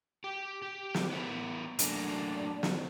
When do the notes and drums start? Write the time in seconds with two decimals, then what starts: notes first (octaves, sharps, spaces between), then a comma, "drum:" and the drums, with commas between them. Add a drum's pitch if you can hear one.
0.24 G4
0.62 G4
0.94 drum: snare
1.11 B3 E4 A#4
1.79 F#2 A3 A#3 D4, drum: hi-hat
2.63 drum: snare